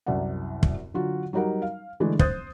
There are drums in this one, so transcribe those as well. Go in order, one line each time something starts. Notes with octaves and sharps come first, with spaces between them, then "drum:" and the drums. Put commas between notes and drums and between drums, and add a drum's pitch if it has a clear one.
C2 F#2 F#3 D5 F#5
drum: kick
D3 F#3 F4 F#4
F#3 G3 D#4 A#4 F#5
F5
D3 E3 G#3 A3 D4
C5 D#6 F#6 G6 A6, drum: kick